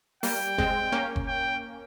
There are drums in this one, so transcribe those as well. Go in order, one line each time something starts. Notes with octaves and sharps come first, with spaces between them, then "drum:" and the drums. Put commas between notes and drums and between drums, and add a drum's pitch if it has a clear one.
G3 A#3 G5, drum: open hi-hat
G#3 C4, drum: kick F#1
A#3 C#4
drum: kick F#1
G5